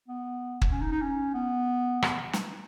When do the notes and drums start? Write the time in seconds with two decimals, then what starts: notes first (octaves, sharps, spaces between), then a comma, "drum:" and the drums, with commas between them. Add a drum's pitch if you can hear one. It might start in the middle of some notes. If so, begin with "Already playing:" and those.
0.08 B3
0.62 drum: kick
0.71 C#4
0.81 D#4
0.92 D#4
1.02 C#4
1.34 B3
2.02 drum: rim click
2.33 drum: snare